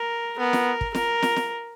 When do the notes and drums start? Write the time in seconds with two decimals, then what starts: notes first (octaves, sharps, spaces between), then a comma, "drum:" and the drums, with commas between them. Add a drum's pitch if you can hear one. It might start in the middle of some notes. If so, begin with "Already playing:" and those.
Already playing: A#4
0.39 B3 A#4
0.53 drum: snare
0.81 drum: kick
0.95 A#4, drum: snare
1.22 drum: snare
1.36 drum: snare